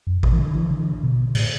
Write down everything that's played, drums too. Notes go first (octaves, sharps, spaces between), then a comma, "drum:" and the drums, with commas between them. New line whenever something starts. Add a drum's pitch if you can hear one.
F#2
B2, drum: kick A1
E3
D3
E3
D3
B2
A2, drum: cymbal